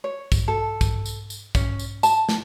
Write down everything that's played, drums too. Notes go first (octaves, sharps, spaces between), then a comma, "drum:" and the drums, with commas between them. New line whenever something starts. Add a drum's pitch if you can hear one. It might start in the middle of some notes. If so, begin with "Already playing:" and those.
C#5
drum: kick, tambourine
A4
drum: kick, tambourine
drum: tambourine
drum: tambourine
C#4, drum: kick, tambourine
drum: tambourine
A5, drum: tambourine
drum: snare